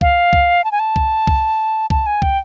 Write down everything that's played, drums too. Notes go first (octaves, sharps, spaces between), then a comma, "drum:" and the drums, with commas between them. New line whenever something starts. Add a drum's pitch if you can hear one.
F5, drum: kick
drum: kick
A5
G#5
A5
drum: kick
drum: kick
A5, drum: kick
G#5
G5, drum: kick